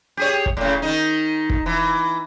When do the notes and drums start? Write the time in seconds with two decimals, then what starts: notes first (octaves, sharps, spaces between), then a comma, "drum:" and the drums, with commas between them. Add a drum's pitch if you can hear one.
0.17 G4 G#4 C#5
0.46 drum: kick
0.57 A2 C#3
0.82 D#3 D#4
1.50 drum: kick
1.66 E3